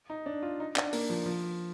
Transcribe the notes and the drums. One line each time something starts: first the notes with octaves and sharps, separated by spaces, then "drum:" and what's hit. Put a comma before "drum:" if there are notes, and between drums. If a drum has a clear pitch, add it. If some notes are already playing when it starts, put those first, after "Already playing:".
D#4
D4
F4
D#4
D4, drum: clap
A#3, drum: open hi-hat
F3
F3